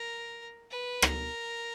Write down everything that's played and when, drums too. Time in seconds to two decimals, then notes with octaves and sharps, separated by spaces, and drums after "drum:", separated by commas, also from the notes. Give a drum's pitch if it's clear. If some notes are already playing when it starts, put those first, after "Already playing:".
Already playing: A#4
0.70 B4
1.02 A#4, drum: rim click